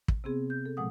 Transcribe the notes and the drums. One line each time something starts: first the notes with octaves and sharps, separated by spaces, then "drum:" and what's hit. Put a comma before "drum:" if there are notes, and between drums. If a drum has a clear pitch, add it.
drum: kick
C3 B3 C4 G#4
G6
A4
A#2 F3 G#3 F#5 D#6